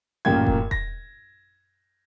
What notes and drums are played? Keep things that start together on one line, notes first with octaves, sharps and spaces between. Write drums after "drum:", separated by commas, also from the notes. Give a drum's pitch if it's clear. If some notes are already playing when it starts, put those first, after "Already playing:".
A1 F#2 A#2 A#3 G5 G#6
drum: kick E1
A#6, drum: kick E1